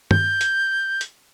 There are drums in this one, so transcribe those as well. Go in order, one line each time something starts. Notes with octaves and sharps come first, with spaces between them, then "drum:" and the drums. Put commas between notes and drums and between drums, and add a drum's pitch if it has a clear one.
G6, drum: tom
drum: hi-hat
drum: hi-hat